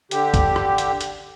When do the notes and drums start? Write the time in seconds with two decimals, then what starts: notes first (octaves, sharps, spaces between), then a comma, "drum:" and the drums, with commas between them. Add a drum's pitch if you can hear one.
0.11 D3 G4, drum: hi-hat
0.34 drum: kick G1, hi-hat
0.56 drum: rim click
0.78 drum: hi-hat
1.01 drum: hi-hat